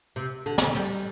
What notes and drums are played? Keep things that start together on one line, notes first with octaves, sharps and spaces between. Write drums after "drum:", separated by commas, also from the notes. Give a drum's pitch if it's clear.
C3
D3
drum: snare
G3